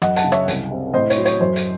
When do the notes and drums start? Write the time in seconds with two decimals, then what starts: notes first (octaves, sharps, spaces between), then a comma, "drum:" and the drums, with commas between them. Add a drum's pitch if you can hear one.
0.02 F#2 D#5 F#5, drum: rim click
0.16 F#5 A5, drum: hi-hat
0.24 C#3
0.32 C#5 E5, drum: rim click
0.48 C2, drum: hi-hat
0.71 C3
0.94 A2 C5 D#5
1.10 C#5, drum: hi-hat
1.17 F#3
1.25 C#5, drum: hi-hat
1.41 F#2 C5
1.56 drum: hi-hat